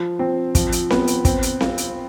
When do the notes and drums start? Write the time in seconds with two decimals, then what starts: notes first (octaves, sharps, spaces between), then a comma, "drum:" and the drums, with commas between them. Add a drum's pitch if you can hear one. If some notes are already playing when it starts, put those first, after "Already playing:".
Already playing: F3
0.19 C4
0.55 F3, drum: kick, hi-hat
0.72 drum: hi-hat
0.90 B3, drum: snare C4
1.07 drum: hi-hat
1.25 C4, drum: kick, hi-hat
1.43 drum: hi-hat
1.61 F4, drum: snare C4
1.78 drum: hi-hat